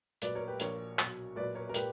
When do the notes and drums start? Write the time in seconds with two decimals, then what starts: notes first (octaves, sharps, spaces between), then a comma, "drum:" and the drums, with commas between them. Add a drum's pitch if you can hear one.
0.22 B1 A#2 B4 D5, drum: hi-hat
0.35 A#4 C#5
0.47 G4 B4
0.60 A#1 A#2 A#4 C#5, drum: hi-hat
0.99 B1 B2, drum: clap
1.36 B1 A#2 B4 D5
1.55 A#4 C#5
1.69 A#4
1.74 A#2 G4 B4, drum: hi-hat